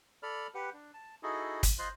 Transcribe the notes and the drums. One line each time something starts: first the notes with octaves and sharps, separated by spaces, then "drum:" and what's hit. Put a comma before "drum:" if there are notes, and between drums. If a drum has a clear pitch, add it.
A4 D5 B5 F6
G4 B4 F#5
D4
A5
D#4 E4 F#4 G#4 A4 D#5
drum: kick, hi-hat
F4 C5 D#5 C6 F#6